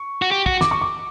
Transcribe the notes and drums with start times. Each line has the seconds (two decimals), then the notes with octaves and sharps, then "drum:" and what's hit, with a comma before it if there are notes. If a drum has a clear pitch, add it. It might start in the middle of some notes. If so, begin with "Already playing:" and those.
Already playing: C#6
0.22 F#4
0.32 G4
0.46 F#4, drum: kick
0.61 D6, drum: snare
0.71 C#6
0.81 D6